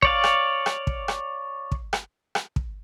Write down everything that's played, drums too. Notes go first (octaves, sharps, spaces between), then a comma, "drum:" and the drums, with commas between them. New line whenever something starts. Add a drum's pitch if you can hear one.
C#5 D5 F5, drum: kick
drum: rim click
drum: rim click
drum: kick
drum: rim click
drum: kick
drum: rim click
drum: rim click
drum: kick